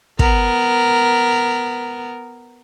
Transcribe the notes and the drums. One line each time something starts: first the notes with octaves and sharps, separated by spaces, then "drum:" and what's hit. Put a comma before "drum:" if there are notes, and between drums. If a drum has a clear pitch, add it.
B3 A#4, drum: kick